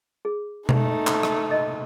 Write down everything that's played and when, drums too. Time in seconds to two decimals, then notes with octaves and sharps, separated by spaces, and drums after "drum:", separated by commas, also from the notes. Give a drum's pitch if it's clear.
0.25 G#4
0.69 A3 D#4, drum: tom B2
1.07 D#6, drum: clap
1.23 drum: rim click
1.51 D#5